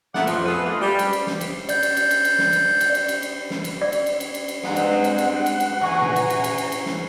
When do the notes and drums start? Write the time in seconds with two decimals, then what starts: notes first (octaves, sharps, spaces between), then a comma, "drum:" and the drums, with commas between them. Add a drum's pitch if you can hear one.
0.14 A#2 A3 B3 E4 D5 F#5, drum: snare
0.27 F2 F3, drum: cymbal
0.46 A3 B3 G#4 A4 B4
0.64 G#3 A3 D4 F4
0.81 G3
0.99 drum: cymbal
1.13 drum: cymbal
1.27 drum: snare
1.41 drum: cymbal
1.69 D5 G6, drum: cymbal
1.83 drum: cymbal
1.97 drum: cymbal
2.11 drum: cymbal
2.25 drum: cymbal
2.39 drum: snare
2.53 drum: cymbal
2.80 drum: cymbal
2.94 drum: cymbal
3.08 drum: cymbal
3.22 drum: cymbal
3.50 drum: snare
3.64 drum: cymbal
3.82 D5
3.92 drum: cymbal
4.06 drum: cymbal
4.20 drum: cymbal
4.34 drum: cymbal
4.48 drum: cymbal
4.63 G2 F#3 G#3 C4 F#5, drum: snare
4.76 drum: cymbal
5.04 drum: cymbal
5.18 drum: cymbal
5.46 drum: cymbal
5.60 drum: cymbal
5.81 E2 G#5 A#5 C#6
6.02 drum: tom A#2
6.16 drum: cymbal
6.30 drum: cymbal
6.44 drum: cymbal
6.58 drum: cymbal
6.72 drum: cymbal
6.86 drum: snare